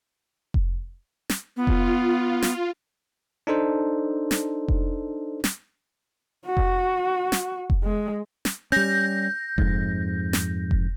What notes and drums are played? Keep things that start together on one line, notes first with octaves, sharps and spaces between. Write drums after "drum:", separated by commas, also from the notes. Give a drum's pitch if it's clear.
drum: kick F1
drum: snare
B3 F4
drum: kick F1
drum: snare
D4 D#4 A4 C5
drum: snare
drum: kick F1
drum: snare
F#4
drum: kick F1
drum: snare
drum: kick F1
G#3
drum: snare
G3 C#4 G6 A#6
F2 G#2, drum: kick F1
drum: snare
drum: kick F1